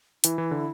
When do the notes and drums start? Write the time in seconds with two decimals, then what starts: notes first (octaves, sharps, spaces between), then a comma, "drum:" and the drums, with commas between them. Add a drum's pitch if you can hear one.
0.24 E3 E4, drum: hi-hat
0.38 E3
0.51 D3